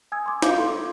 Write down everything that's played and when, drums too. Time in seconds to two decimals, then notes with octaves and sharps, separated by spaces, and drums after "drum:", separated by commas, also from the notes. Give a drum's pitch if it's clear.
0.12 G#5 D#6 E6 G#6
0.26 C6 D6
0.42 F4 F5 D6, drum: snare
0.58 A4 C6